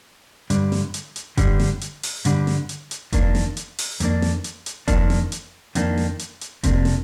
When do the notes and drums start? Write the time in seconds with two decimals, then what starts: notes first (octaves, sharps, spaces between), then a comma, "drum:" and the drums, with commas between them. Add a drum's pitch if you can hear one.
0.50 G2 D3 G3 D4, drum: hi-hat
0.72 drum: snare
0.94 drum: hi-hat
1.16 drum: hi-hat
1.37 G2 D3 G3 D4, drum: kick F1, hi-hat
1.60 drum: snare
1.81 drum: hi-hat
2.03 drum: open hi-hat
2.25 G2 D3 G3 D4, drum: hi-hat
2.47 drum: snare
2.69 drum: hi-hat
2.91 drum: hi-hat
3.12 F2 D#3 A#3 D4, drum: kick F1, hi-hat
3.35 drum: snare
3.57 drum: hi-hat
3.78 drum: open hi-hat
4.00 F2 D#3 A#3 D4, drum: hi-hat
4.22 drum: snare
4.44 drum: hi-hat
4.66 drum: hi-hat
4.88 F2 D#3 A#3 D4, drum: kick F1, hi-hat
5.10 drum: snare
5.32 drum: hi-hat
5.75 F2 D#3 A#3 D4, drum: hi-hat
5.97 drum: snare
6.19 drum: hi-hat
6.41 drum: hi-hat
6.63 F2 C3 F3 A#3 D4, drum: kick F1, hi-hat
6.85 drum: snare